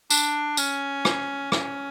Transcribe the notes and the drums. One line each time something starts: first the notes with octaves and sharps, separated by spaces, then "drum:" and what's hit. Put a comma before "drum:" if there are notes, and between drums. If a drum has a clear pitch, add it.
D4, drum: tambourine
C#4, drum: tambourine
drum: rim click
C#4, drum: rim click